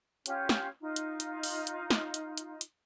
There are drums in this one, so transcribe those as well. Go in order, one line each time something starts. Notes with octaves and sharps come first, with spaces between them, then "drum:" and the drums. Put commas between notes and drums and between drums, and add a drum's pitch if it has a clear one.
C#4 F4 G4, drum: hi-hat
drum: snare
D#4 F4
drum: hi-hat
drum: hi-hat
drum: open hi-hat
drum: hi-hat
drum: snare
drum: hi-hat
drum: hi-hat
drum: hi-hat